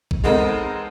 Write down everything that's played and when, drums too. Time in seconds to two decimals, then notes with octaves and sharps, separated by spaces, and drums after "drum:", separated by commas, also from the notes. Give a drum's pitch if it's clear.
0.11 drum: kick A1
0.24 G#3 B3 C4 D#4 A4 A#4